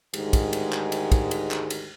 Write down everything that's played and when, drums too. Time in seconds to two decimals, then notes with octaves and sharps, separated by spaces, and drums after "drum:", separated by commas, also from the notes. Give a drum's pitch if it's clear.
0.14 D2 G#2 D#3 G#3 G4, drum: cymbal
0.33 drum: kick, cymbal
0.53 drum: cymbal
0.72 drum: clap
0.92 drum: cymbal
1.12 drum: kick, cymbal
1.31 drum: cymbal
1.51 drum: clap
1.70 drum: cymbal